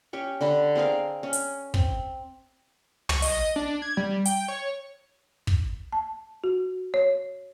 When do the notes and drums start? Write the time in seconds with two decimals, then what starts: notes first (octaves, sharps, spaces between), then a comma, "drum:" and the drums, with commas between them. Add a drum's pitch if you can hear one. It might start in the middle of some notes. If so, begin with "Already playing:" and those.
0.13 C#4 G4 C#6
0.41 D3 D4 B5
0.75 C4 G#4 A#4 F5
1.23 C#4
1.33 drum: hi-hat
1.74 C4, drum: kick
3.09 C#6, drum: tom
3.22 D#5, drum: open hi-hat
3.56 D4
3.82 G#6
3.97 G3
4.26 G5, drum: hi-hat
4.48 C#5
5.47 drum: kick
5.92 A5
6.44 F#4
6.94 C#5